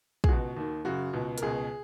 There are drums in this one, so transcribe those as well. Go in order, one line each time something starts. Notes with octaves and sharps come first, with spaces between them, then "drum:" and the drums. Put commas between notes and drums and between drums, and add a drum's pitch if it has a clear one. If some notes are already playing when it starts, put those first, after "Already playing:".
G#4, drum: kick
C#2 B2 F#4
D#2 D#3
F#2 C#3 F#4
C#2 B2
A#4, drum: hi-hat
C#2 B2 G#4